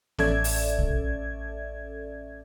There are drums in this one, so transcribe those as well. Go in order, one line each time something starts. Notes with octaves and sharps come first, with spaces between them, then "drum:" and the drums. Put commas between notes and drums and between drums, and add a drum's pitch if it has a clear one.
A1 C#4 A4 D5 E5 G#6, drum: snare B3
drum: open hi-hat
drum: kick